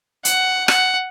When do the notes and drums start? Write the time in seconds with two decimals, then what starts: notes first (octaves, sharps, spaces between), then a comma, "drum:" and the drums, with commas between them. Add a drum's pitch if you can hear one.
0.25 F#5, drum: hi-hat
0.68 F#5, drum: rim click